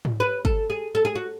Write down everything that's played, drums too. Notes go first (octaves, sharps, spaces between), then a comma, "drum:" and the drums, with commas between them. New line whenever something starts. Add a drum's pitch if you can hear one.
drum: tom G#2
B4
A4, drum: kick
G#4
A4
G#4
F#4